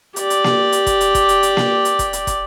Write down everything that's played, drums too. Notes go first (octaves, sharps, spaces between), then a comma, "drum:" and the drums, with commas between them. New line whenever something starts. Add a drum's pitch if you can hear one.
G4 D5, drum: hi-hat
drum: hi-hat
drum: snare A#3
drum: hi-hat
drum: kick, hi-hat
drum: hi-hat
drum: kick, hi-hat
drum: hi-hat
drum: hi-hat
drum: snare A#3
drum: hi-hat
drum: kick, hi-hat
drum: hi-hat
drum: kick, hi-hat